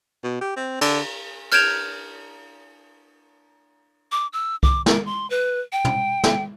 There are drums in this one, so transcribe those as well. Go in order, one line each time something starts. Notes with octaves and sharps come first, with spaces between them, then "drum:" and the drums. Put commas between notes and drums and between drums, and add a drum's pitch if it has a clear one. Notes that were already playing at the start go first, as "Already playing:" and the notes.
B2
G4
C4
D3, drum: cymbal
F6 G6 G#6 D7 E7 F7, drum: cymbal
D6
E6
D6, drum: kick C2
A#4, drum: snare
C6
B4
G5
drum: tom
drum: snare